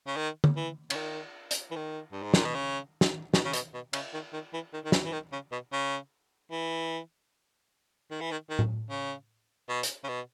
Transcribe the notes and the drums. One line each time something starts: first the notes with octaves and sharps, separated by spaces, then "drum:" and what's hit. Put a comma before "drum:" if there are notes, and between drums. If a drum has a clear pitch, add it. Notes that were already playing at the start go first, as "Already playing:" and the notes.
C#3
D#3
drum: tom D3
E3
C#3, drum: cymbal
D#3
drum: hi-hat
E3
D#3
G2
G#2
A#2, drum: snare
B2
C#3
drum: snare
B2, drum: snare
C#3
B2, drum: hi-hat
B2
C#3, drum: cymbal
D#3
D#3
E3
D#3
D#3
E3, drum: snare
E3
D#3
C#3
B2
C#3
E3
D#3
E3
D#3
D#3
drum: tom A2
C#3
B2
drum: hi-hat
C#3
B2